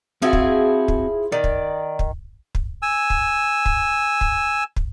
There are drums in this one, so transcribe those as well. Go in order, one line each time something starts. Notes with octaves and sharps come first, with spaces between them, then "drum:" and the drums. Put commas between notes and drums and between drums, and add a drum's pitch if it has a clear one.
F3 C4 E4 F#4 G#4
drum: kick
drum: kick
D#3 D5
drum: kick
drum: kick
drum: kick
G#5 E6
drum: kick
drum: kick
drum: kick
drum: kick